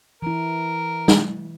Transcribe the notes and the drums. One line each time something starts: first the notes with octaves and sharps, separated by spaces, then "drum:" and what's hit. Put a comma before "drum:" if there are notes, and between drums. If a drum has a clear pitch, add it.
E3 E4 A#4
drum: snare